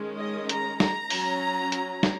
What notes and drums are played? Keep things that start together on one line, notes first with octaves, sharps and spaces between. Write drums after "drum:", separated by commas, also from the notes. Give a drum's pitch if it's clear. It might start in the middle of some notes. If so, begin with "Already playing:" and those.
Already playing: D#3 G#3 C#4
D#5
A#5, drum: hi-hat
A#5, drum: snare
F#3 C#4, drum: open hi-hat
drum: hi-hat
drum: snare